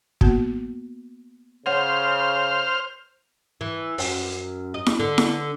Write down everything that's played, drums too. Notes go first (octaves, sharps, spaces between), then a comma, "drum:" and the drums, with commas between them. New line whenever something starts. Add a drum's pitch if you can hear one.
A#3 B3 F#4, drum: kick
C#3 C5 C#5 F#5 F6
E3
F#2, drum: open hi-hat
D#5
drum: snare E4
D3
drum: snare E4